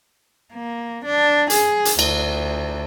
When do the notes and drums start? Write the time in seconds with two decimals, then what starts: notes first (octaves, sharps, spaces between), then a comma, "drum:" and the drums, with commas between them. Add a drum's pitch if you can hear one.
0.54 A#3
1.04 D4
1.50 G#4, drum: hi-hat
1.85 drum: hi-hat
1.99 D2, drum: cymbal